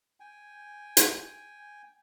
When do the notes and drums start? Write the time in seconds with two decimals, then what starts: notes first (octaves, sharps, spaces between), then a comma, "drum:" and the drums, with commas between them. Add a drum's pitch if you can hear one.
0.20 G5 G#5
0.97 drum: hi-hat